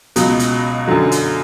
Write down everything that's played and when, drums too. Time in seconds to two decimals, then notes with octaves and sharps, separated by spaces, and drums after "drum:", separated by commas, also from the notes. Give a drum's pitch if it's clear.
0.16 C#2 B2 F#3, drum: hi-hat
0.39 drum: hi-hat
0.88 F#2 D3 F#3
1.12 drum: hi-hat